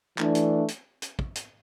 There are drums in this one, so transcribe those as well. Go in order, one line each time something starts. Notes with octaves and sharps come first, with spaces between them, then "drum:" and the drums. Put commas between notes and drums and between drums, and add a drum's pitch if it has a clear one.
E3 A3 D4, drum: clap
drum: hi-hat
drum: hi-hat
drum: hi-hat
drum: kick
drum: hi-hat